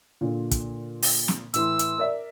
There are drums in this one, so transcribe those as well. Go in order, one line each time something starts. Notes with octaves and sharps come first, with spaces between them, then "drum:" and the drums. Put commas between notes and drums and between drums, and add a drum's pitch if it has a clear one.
A#2 D3 F4
drum: kick, hi-hat
drum: open hi-hat
drum: snare
A2 E3 C6 E6, drum: hi-hat
drum: hi-hat
A#4 D5 E5